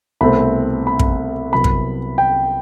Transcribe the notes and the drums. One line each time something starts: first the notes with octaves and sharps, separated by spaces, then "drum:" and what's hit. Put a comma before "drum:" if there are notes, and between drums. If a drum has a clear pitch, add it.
C2 B2 A3 C4 B5
B5
drum: kick
C2 C3 F#3 B3 B5
drum: kick
G5